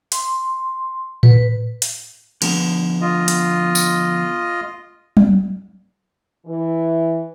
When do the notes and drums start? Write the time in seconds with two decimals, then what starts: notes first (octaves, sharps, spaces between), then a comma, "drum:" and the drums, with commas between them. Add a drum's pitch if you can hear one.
0.12 C6, drum: hi-hat
1.23 B4, drum: tom A2
1.82 drum: hi-hat
2.42 D3 F3 B3, drum: cymbal
3.01 F4 D#5
3.28 drum: hi-hat
3.75 drum: tambourine
5.17 drum: tom F#3
6.46 E3